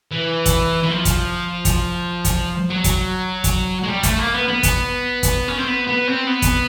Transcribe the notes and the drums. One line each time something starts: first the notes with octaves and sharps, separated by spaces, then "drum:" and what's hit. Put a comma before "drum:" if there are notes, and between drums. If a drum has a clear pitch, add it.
E3
drum: kick, hi-hat
E3
F3
drum: kick, hi-hat
drum: kick, hi-hat
drum: kick, hi-hat
F#3
drum: kick, hi-hat
drum: kick, hi-hat
G#3
G3
A3, drum: kick, hi-hat
A#3
B3
B3
drum: kick, hi-hat
drum: kick, hi-hat
C#4
C4
B3
B3
C4
B3
drum: kick, hi-hat